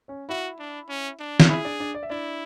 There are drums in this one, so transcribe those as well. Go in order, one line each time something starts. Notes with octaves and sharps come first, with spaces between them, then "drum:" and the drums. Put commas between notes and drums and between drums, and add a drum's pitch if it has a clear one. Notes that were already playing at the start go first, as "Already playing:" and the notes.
C#4 C#5
E4 F#4 E5
D4
C#4
D4
drum: snare
E4 G#4 E5
D4 D5
D4 D5
D5
E5
D4 E4 D5